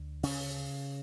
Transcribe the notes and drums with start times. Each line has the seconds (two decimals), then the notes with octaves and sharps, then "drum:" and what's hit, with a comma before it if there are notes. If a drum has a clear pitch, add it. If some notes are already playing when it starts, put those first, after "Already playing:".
Already playing: D2
0.23 C#3 C#4, drum: open hi-hat